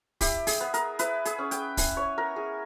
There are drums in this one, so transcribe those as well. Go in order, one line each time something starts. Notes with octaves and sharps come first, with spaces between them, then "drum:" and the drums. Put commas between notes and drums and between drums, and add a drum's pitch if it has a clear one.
E4 G4, drum: kick, open hi-hat
G#4, drum: open hi-hat
B3
A#4, drum: hi-hat
E4 B4, drum: hi-hat
G#4, drum: hi-hat
C#4
G5, drum: hi-hat
E4 G#5, drum: kick, open hi-hat
C#5
B3 A#4
G#4